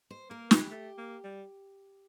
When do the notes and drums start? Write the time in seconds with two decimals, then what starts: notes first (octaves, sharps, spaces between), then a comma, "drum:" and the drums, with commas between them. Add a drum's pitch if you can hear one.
0.11 C5
0.30 A#3 A#4
0.51 G4, drum: snare
0.71 A3
0.98 A#3
1.24 G3